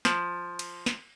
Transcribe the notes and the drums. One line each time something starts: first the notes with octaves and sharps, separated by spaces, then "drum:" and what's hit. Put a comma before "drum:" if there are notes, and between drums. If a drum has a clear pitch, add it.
F3, drum: snare
drum: cymbal
drum: snare